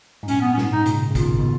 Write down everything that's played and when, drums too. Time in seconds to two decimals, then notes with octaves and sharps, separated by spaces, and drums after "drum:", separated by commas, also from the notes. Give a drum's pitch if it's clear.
0.23 G#2
0.28 F#2 A#2 C#4, drum: hi-hat
0.41 B3
0.54 C#4
0.58 G#2 B2, drum: snare
0.71 D#4
0.86 A#2 C#3, drum: hi-hat
1.10 C#3
1.15 B2 D#3 F4, drum: kick, hi-hat
1.39 B2